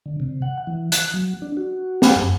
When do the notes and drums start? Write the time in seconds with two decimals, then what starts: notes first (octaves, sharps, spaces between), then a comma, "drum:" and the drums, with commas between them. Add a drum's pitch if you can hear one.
0.06 D3
0.20 C3
0.42 F#5
0.67 E3
0.92 F#6, drum: hi-hat
1.14 F#3
1.42 D4
1.57 F#4
2.02 drum: snare
2.16 F#2